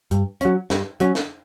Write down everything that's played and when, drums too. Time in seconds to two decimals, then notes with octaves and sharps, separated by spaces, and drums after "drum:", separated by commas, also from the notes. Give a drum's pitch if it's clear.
0.11 G2, drum: hi-hat
0.41 F#3 C#4, drum: hi-hat
0.70 G2, drum: snare
1.00 F#3 C#4, drum: hi-hat
1.15 drum: snare